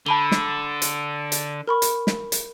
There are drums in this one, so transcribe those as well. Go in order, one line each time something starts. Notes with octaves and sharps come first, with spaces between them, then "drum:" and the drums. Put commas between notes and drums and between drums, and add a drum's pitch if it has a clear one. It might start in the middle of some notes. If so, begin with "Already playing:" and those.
D3 A5 B5 G7
drum: snare
drum: hi-hat
drum: hi-hat
A#4 B5 C#6
drum: hi-hat
drum: snare
drum: hi-hat